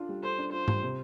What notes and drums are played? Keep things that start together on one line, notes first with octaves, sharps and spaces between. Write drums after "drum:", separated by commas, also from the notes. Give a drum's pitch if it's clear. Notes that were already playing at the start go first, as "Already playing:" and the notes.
Already playing: D4 F4 A4
G3
A4 C5
D4
F4 C5
G3, drum: tom G#2
C3